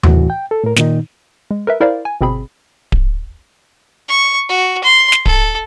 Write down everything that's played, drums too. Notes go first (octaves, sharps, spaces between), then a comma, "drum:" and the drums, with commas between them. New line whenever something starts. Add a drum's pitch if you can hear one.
C2 A2 E3 F#4, drum: tom D#2
G5
A4
A2 A#4
A#2 D#3 D#4, drum: snare
G#3
A#4 B4 E5
E4 A#4 C5 D5 F5
G#5
G1 B2 C4 G#4 B5
drum: kick D1
C#6
F#4
C6
drum: snare
A4, drum: kick D1